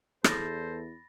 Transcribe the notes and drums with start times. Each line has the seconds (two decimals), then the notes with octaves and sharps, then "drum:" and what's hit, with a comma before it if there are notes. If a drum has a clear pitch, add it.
0.24 E2 A4 C5 B5 A6 A#6, drum: rim click